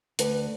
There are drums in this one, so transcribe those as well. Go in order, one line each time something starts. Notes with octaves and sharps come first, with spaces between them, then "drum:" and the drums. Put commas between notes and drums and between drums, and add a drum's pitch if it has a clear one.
D2 B4, drum: hi-hat